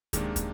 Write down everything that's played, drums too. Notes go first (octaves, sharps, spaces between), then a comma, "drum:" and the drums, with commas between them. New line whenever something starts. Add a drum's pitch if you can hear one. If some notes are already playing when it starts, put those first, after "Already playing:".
C3 D#3 G#3 A#3 D4, drum: kick, hi-hat
drum: kick, hi-hat